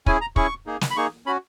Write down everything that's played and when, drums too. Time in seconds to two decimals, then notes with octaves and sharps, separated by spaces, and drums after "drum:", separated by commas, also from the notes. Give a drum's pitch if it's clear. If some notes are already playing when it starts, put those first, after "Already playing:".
0.06 C#4 E4 G#4 G#5, drum: kick
0.21 A#5
0.36 C#4 E4 G#4 C#6, drum: kick
0.66 A#3 D#4 G#4
0.81 drum: snare
0.91 B5
0.96 A#3 D#4 G#4 C#6
1.26 C#4 F#4 B5